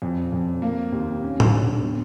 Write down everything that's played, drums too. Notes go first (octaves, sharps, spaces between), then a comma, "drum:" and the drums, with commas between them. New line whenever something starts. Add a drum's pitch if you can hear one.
F2
F2
A#3
D#2
C#4
drum: tom A2
D3
B3